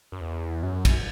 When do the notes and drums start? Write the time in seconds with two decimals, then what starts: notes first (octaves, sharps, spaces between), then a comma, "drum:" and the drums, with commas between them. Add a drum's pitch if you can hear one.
0.12 F#2
0.21 E2
0.63 F#2
0.85 drum: kick A#1, cymbal